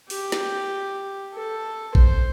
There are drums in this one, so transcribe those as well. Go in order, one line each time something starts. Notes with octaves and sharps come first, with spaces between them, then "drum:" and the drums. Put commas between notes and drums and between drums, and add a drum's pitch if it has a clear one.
G4, drum: open hi-hat
drum: snare
A4
C5, drum: kick